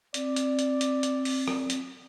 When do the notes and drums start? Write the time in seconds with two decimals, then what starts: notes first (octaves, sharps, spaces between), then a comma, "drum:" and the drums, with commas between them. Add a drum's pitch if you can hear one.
0.14 C4 D5, drum: hi-hat
0.36 drum: hi-hat
0.59 drum: hi-hat
0.81 drum: hi-hat
1.03 drum: hi-hat
1.25 drum: open hi-hat
1.48 drum: rim click
1.70 drum: hi-hat